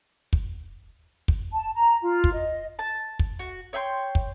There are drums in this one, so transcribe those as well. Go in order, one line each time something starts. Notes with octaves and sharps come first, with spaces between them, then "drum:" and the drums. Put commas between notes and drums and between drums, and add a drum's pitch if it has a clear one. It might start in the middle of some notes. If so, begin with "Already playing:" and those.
drum: kick
drum: kick
A5
A#5
F4
drum: kick
D#5
A5
drum: kick
F#4
C#5 E5 G5 C6
drum: kick